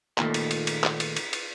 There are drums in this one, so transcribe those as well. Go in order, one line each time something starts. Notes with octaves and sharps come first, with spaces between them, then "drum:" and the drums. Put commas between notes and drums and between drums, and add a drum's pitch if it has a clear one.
A#2 D#3 A3, drum: clap
drum: cymbal
drum: cymbal
drum: cymbal
drum: clap
drum: cymbal
drum: cymbal
drum: cymbal